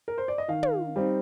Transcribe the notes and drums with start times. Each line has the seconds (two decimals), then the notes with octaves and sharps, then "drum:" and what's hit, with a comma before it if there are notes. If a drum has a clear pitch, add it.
0.08 A#4
0.18 C5
0.28 D5
0.38 D#5
0.48 D#3 F5
0.63 drum: tom
0.96 G3 C4 D#4